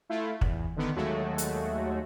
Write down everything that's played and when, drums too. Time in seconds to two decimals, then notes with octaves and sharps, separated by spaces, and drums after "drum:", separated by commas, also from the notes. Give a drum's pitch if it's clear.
0.09 A3 E4 F4
0.41 E2, drum: kick
0.76 D3 D#3 B3
0.96 D#2 F#3 G#3 A3 F#4
1.38 drum: hi-hat